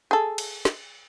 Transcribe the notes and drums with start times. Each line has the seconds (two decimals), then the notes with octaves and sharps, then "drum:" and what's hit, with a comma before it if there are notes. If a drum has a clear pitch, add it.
0.11 G#4 A4
0.38 drum: cymbal
0.65 drum: snare